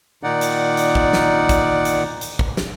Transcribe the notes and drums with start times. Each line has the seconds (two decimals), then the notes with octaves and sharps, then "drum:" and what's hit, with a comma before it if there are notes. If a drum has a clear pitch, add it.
0.23 A#2 D#3 D#4 D5 F#5
0.41 drum: hi-hat
0.77 drum: hi-hat
0.95 drum: kick
1.13 drum: snare
1.49 drum: kick, hi-hat
1.85 drum: hi-hat
2.21 drum: hi-hat
2.39 drum: kick
2.57 drum: snare